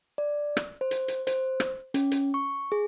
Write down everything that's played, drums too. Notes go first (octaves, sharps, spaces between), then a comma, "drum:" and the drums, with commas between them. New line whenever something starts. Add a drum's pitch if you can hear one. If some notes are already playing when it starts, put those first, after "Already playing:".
D5
drum: rim click
C5
drum: hi-hat
drum: hi-hat
C5, drum: hi-hat
drum: rim click
C#4, drum: hi-hat
drum: hi-hat
C#6
G#4